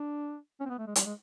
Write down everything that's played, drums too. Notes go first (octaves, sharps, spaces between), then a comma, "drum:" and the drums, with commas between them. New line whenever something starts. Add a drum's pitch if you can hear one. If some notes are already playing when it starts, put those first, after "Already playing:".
Already playing: D4
C#4
C4
B3
A3
G#3
G3, drum: hi-hat
G#3